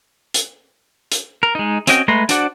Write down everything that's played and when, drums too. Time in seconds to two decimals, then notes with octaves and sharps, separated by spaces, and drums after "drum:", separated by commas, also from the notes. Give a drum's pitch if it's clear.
0.34 drum: hi-hat
1.12 drum: hi-hat
1.43 A#4
1.55 G#3 D#4
1.87 C4 C#4 F#4 D#5 G5, drum: hi-hat
2.08 G#3 A3 B4 A#5 C6
2.29 D4 F#4 C5 D5 F#5, drum: hi-hat